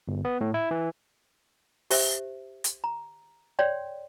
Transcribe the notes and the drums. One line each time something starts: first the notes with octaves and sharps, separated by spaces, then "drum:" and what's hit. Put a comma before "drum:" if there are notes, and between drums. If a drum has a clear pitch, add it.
G1
B3
A2
E4
E3
G4 C5 E5, drum: open hi-hat
drum: hi-hat
A#5
C#5 D5 G5 C6